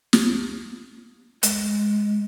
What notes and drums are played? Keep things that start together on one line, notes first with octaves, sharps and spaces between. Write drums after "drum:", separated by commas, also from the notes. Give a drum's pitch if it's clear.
drum: snare
G#3, drum: hi-hat